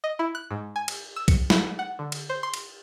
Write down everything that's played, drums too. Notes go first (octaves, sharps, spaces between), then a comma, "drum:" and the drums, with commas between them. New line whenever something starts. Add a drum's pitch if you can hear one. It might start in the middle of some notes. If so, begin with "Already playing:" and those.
D#5
E4
F#6
G#2
G#5
drum: cymbal
E6
C#7, drum: kick B1, cymbal
E4, drum: snare
F#5
D3
drum: cymbal
C5
C6
drum: cymbal